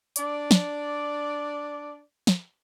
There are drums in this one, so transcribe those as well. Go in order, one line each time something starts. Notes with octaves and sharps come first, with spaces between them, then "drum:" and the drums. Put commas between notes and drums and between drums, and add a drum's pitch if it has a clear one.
D4 D5, drum: hi-hat
drum: snare
drum: snare